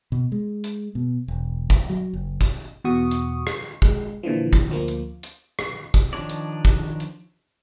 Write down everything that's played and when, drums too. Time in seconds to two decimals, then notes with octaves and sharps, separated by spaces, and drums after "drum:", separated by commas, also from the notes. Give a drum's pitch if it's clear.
0.12 B2
0.32 G#3
0.64 drum: hi-hat
0.95 B2
1.28 E1
1.70 drum: kick, hi-hat
1.90 F#3
2.13 F#1
2.41 drum: kick, hi-hat
2.84 E2 B2 F#4 C#6 D#6
3.11 drum: hi-hat
3.47 drum: rim click
3.82 G#3, drum: kick
4.23 A#2 D3 E3 F3
4.53 drum: kick, hi-hat
4.70 D2 F3 A#3
4.88 drum: hi-hat
5.23 drum: hi-hat
5.59 drum: rim click
5.94 drum: kick, hi-hat
6.13 D#3 F3 D4 C#5 D5
6.29 drum: hi-hat
6.65 drum: kick, hi-hat
7.00 drum: hi-hat